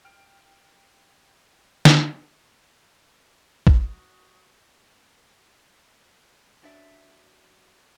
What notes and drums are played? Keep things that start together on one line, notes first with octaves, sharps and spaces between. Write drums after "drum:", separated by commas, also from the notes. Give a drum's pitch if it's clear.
G5 F6 D7
drum: snare
F#4 D#6, drum: kick
F#2 F#3 D4 D5 E5